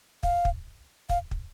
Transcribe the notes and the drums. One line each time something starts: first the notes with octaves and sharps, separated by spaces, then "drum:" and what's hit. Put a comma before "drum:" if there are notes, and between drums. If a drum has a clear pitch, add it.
F5, drum: kick
drum: kick
F5, drum: kick
drum: kick